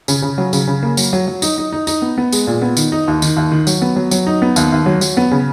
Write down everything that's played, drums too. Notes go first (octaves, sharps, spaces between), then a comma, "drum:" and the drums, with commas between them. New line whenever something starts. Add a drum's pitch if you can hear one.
C#3, drum: tambourine
C#3
F#3
C#3, drum: tambourine
C#3
A#3
F#3, drum: tambourine
F#3
F#3
D#4, drum: tambourine
D#4
D#4
D#4, drum: tambourine
B3
B3
G#3, drum: tambourine
A#2
B3
D#3, drum: tambourine
D#4
D#2
D#3, drum: tambourine
D#2
D#3
F#3, drum: tambourine
B3
F#3
F#3, drum: tambourine
D#4
B3
D#2, drum: tambourine
D#2
F#3
F#3, drum: tambourine
B3
C#3